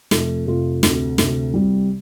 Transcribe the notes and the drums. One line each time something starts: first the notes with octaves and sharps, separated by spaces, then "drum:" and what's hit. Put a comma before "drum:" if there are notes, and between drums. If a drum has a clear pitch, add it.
F2 C3 F3 A3 F4, drum: snare
F2 C3 F3 A3 F4
D2 C3 A3, drum: snare
D2 C3 A3, drum: snare
C2 C3 G3